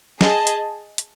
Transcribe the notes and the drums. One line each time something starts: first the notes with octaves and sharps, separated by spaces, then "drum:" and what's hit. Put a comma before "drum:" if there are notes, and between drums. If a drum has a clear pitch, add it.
G#4 D#5 A5, drum: snare
drum: hi-hat
drum: hi-hat